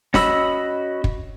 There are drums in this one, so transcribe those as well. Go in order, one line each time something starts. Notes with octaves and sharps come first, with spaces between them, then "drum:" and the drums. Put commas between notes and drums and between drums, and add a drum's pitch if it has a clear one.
C#4 F#4 D#5 B5 E6, drum: snare
drum: kick